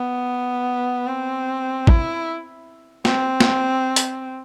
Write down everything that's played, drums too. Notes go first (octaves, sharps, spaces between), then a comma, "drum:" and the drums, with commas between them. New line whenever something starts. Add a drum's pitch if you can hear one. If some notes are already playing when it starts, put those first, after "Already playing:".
Already playing: B3
C4
E4, drum: kick
C4, drum: snare
drum: snare
drum: hi-hat